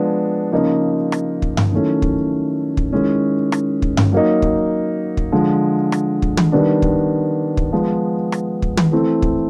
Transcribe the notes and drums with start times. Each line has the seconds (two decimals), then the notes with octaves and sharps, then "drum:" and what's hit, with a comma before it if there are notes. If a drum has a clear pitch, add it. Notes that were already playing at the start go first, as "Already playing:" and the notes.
Already playing: F3 G#3 B3 D4
0.52 C#3 F3 A#3 D#4
1.12 drum: rim click
1.42 drum: kick
1.57 drum: tom G2
1.72 D#3 F#3 A3 C#4 E4
2.02 drum: kick
2.77 drum: kick
2.92 D#3 G#3 C#4 E4
3.52 drum: rim click
3.82 drum: kick
3.97 drum: tom G2
4.12 F#3 A#3 D#4
4.42 drum: kick
5.17 drum: kick
5.32 D3 F3 G#3
5.92 drum: rim click
6.22 drum: kick
6.37 drum: tom
6.52 D#3 G3 B3 D4
6.82 drum: kick
7.57 drum: kick
7.73 F3 G#3 B3
8.32 drum: rim click
8.62 drum: kick
8.77 drum: tom
8.92 E3 A3 C4 E4
9.22 drum: kick